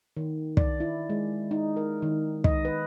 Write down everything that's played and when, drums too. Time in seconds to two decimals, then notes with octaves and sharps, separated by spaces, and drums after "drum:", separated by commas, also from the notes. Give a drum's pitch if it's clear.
0.17 D#3
0.57 D5, drum: kick
0.80 E4
1.09 G#3
1.51 D#4
1.77 A#4
2.02 D#3
2.44 D#5, drum: kick
2.65 B4